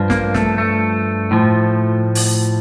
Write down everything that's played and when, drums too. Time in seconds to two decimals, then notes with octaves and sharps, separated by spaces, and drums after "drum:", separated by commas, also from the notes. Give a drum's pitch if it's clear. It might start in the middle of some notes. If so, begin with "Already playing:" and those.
Already playing: G2 F3
0.10 A#3, drum: snare
0.34 A3, drum: snare
0.58 A3
1.31 A2 F3
2.15 drum: open hi-hat